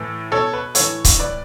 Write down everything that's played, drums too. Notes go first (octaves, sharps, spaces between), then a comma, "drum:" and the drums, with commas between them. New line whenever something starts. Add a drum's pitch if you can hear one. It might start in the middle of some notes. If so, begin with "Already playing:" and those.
Already playing: A2 E3 A4
B2 A4 C#5
B4
A2 E3 A4 C#5, drum: hi-hat
drum: kick C#1, hi-hat
A2 E3 B4 D5